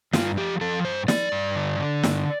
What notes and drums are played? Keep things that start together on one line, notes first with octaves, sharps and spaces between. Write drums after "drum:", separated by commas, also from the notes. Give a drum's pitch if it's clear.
G2 F4, drum: snare
F3 G4
F3 A4
G2 C5
F3 D5, drum: snare
G2
D3
D3
G2, drum: snare